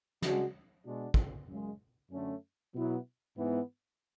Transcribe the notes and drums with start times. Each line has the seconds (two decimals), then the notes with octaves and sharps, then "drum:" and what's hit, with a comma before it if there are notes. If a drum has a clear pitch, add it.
0.22 C#3 G#3 D4 F#4, drum: snare
0.86 B2 G#3 D4 F#4
1.14 drum: kick
1.48 F#2 C#3 G#3
2.11 F#2 D3 A3 C#4
2.74 B2 F#3 B3 E4
3.37 G#2 E3 B3